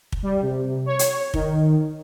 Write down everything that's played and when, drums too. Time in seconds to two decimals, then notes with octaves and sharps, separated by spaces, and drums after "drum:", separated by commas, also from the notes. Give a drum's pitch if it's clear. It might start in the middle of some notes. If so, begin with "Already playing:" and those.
0.12 drum: kick
0.23 G3
0.42 C3
0.86 C#5
0.99 drum: hi-hat
1.34 D#3, drum: kick